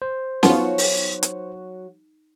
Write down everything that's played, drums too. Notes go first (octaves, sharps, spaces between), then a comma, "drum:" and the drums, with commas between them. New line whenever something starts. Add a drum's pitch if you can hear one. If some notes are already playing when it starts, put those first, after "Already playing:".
C5
F#3 B3 D#4 F4 F#4 C#5, drum: snare
drum: open hi-hat
drum: hi-hat